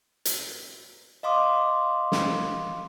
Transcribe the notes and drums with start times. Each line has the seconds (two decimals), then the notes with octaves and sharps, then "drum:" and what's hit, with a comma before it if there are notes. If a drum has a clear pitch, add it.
0.25 drum: hi-hat
1.23 D#5 F5 C6 D6 D#6
2.12 drum: snare